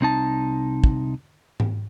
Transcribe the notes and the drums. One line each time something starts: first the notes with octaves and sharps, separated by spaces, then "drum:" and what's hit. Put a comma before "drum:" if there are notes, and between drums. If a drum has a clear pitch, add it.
C2 C4 D#4 A5
drum: kick
drum: tom G#2